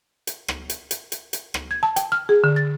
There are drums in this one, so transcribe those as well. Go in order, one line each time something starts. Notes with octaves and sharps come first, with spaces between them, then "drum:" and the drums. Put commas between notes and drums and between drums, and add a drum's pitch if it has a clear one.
drum: hi-hat
drum: rim click
drum: hi-hat
drum: hi-hat
drum: hi-hat
drum: hi-hat
drum: rim click
G#6
A5
G5, drum: hi-hat
F6
G#4
D3
A6